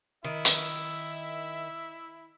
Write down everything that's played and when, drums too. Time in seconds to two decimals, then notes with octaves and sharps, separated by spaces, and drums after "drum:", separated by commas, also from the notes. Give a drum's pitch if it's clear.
0.24 D#3 E4 E5
0.45 drum: hi-hat